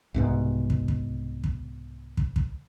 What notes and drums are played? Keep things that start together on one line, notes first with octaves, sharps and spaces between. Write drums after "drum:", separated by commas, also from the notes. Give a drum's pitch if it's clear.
C2 G#2 B2
drum: kick
drum: kick
drum: kick
drum: kick
drum: kick